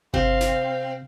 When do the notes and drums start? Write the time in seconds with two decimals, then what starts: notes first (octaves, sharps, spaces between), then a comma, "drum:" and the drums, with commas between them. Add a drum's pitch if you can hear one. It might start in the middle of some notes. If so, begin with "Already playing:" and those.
0.14 C3 C4 F5, drum: kick G1
0.41 drum: snare